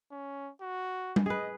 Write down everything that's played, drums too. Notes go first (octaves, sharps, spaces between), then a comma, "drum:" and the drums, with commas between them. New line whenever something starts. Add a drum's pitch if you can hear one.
C#4
F#4
drum: tom G3
G#4 B4 D#5